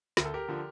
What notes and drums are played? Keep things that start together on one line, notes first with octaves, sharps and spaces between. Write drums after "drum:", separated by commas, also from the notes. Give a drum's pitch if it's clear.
D2 A#4, drum: snare
A4
G4 A#4
D3 F3